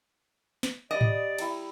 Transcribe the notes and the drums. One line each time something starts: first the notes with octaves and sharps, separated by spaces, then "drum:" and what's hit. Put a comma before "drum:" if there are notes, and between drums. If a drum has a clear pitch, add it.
drum: snare
G3 D5 D#5 D#6
drum: tom G#2
E4 G5 A#5, drum: cymbal